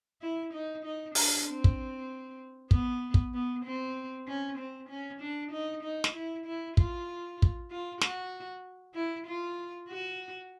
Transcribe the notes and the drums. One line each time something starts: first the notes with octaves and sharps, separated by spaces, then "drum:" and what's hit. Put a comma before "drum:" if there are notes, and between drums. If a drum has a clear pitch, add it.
E4
D#4
D#4
D4, drum: open hi-hat
C4
drum: kick
B3, drum: kick
drum: kick
B3
C4
C#4
C4
C#4
D4
D#4
D#4
drum: snare
E4
E4
F4, drum: kick
drum: kick
F4
F#4, drum: snare
E4
F4
F#4